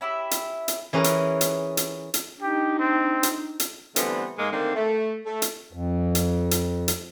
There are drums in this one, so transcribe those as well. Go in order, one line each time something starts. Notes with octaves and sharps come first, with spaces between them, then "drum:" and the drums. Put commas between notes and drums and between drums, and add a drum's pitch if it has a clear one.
C#4 E4 G4 E5
drum: hi-hat
drum: hi-hat
E3 C#4 G#4 A#4 B4
drum: hi-hat
drum: hi-hat
drum: hi-hat
drum: hi-hat
D4 D#4 G4
C4
drum: hi-hat
drum: hi-hat
D3 E3 G3 A3 B3 C4, drum: hi-hat
G#2 G#3 A#3
D3 D#3 A3 A#3 C4 D4
A3
A3
drum: hi-hat
F2
drum: hi-hat
drum: hi-hat
drum: hi-hat